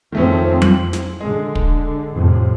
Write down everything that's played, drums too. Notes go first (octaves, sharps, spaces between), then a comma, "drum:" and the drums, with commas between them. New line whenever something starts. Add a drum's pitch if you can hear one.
F2 D#3 F3 A3 C4 C#4
F#7, drum: tom F#3
drum: snare
D3 G#3 G#4
drum: kick
F2 A2 C3